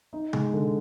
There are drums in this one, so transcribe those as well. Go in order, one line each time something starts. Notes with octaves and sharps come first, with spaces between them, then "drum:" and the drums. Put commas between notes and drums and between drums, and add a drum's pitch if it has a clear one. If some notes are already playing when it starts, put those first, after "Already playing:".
D#4
G#3, drum: tom C3
D3